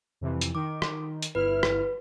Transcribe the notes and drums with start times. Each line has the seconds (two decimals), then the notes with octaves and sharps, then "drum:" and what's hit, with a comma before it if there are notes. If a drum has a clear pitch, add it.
0.21 F2 C3 E3
0.41 drum: hi-hat
0.55 D#3 D6
0.82 drum: rim click
1.22 drum: hi-hat
1.35 G1 E4 B4 F6
1.63 drum: rim click